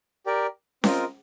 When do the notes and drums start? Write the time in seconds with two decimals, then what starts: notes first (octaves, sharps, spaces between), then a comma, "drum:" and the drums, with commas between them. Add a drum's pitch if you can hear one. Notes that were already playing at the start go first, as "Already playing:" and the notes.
0.26 G4 A#4 D5
0.84 C4 F4 A#4 D#5, drum: snare C#4